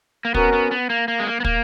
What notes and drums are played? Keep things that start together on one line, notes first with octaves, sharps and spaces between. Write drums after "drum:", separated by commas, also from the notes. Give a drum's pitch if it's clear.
A#3
B3 C#4 F#4 A#4, drum: kick
B3
B3
A#3
A#3
G#3
A#3
B3
A#3, drum: kick